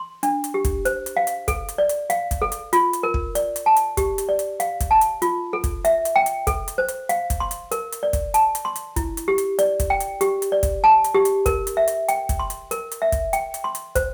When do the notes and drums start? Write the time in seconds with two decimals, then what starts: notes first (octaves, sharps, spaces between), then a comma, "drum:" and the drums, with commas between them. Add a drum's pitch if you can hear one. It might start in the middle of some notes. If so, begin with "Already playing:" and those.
Already playing: C6
0.23 D4, drum: hi-hat
0.44 drum: hi-hat
0.54 G4
0.65 drum: kick, hi-hat
0.85 C5, drum: hi-hat
1.06 drum: hi-hat
1.17 F5
1.27 drum: hi-hat
1.48 A4, drum: kick, hi-hat
1.69 drum: hi-hat
1.78 D5
1.89 drum: hi-hat
2.10 F5, drum: hi-hat
2.31 drum: kick, hi-hat
2.42 A4
2.52 drum: hi-hat
2.73 F4, drum: hi-hat
2.93 drum: hi-hat
3.03 A#4
3.14 drum: kick
3.35 D5, drum: hi-hat
3.56 drum: hi-hat
3.66 A5
3.76 drum: hi-hat
3.97 G4, drum: kick, hi-hat
4.18 drum: hi-hat
4.29 D5
4.39 drum: hi-hat
4.60 F5, drum: hi-hat
4.80 drum: kick, hi-hat
4.91 A5
5.01 drum: hi-hat
5.22 F4, drum: hi-hat
5.53 A4
5.64 drum: kick, hi-hat
5.85 E5, drum: hi-hat
6.05 drum: hi-hat
6.16 G5
6.26 drum: hi-hat
6.47 A4, drum: kick, hi-hat
6.68 drum: hi-hat
6.78 C5
6.88 drum: hi-hat
7.09 F5, drum: hi-hat
7.30 drum: kick, hi-hat
7.40 C6
7.51 drum: hi-hat
7.71 A#4, drum: hi-hat
7.92 drum: hi-hat
8.03 D5
8.13 drum: kick, hi-hat
8.34 A5, drum: hi-hat
8.55 drum: hi-hat
8.65 C6
8.76 drum: hi-hat
8.96 E4, drum: kick, hi-hat
9.17 drum: hi-hat
9.28 G4
9.38 drum: hi-hat
9.59 D5, drum: hi-hat
9.80 drum: kick, hi-hat
9.90 G5
10.00 drum: hi-hat
10.21 G4, drum: hi-hat
10.42 drum: hi-hat
10.52 D5
10.63 drum: kick, hi-hat
10.84 A5
11.04 drum: hi-hat
11.15 G4
11.25 drum: hi-hat
11.46 A#4, drum: kick, hi-hat
11.67 drum: hi-hat
11.77 E5
11.88 drum: hi-hat
12.08 G5, drum: hi-hat
12.29 drum: kick, hi-hat
12.39 C6
12.50 drum: hi-hat
12.71 A#4, drum: hi-hat
12.92 drum: hi-hat
13.02 E5
13.12 drum: kick, hi-hat
13.33 G5, drum: hi-hat
13.54 drum: hi-hat
13.64 C6
13.75 drum: hi-hat
13.95 C5, drum: kick, hi-hat